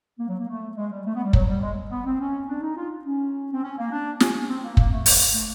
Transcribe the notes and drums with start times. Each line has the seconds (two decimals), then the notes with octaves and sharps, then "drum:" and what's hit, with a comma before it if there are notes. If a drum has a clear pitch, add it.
0.19 A#3
0.28 F#3
0.39 A#3
0.48 A3
0.77 G#3
0.91 G3
1.05 A3
1.15 B3
1.24 G3
1.33 F#3, drum: kick
1.48 G3
1.62 G#3
1.90 B3
2.06 C4
2.20 C#4
2.48 D4
2.62 D#4
2.76 F4
3.05 C#4
3.52 C4
3.63 C#4
3.77 A#3
3.92 D4
4.20 C#4, drum: snare
4.48 C4
4.63 A#3
4.77 A#3, drum: kick
4.91 A3
5.06 F#3, drum: open hi-hat
5.34 A3